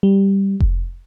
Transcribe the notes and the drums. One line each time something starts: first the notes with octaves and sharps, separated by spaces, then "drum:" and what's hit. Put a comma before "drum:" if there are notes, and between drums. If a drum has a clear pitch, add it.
G3
drum: kick F1